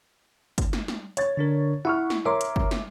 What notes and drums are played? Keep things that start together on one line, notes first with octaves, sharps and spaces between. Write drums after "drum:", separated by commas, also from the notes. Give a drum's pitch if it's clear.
drum: kick, hi-hat
drum: snare
drum: snare
C#5 A6, drum: hi-hat
D3 D4 A#4
E4 F#5 C#6 F6
drum: snare
A#4 C#5 E5 C6 D6
drum: hi-hat
drum: kick
drum: snare